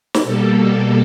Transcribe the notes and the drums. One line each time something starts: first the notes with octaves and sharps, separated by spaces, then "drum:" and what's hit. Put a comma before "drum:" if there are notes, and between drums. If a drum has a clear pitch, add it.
drum: snare
B2 G3 A#3 A4
A4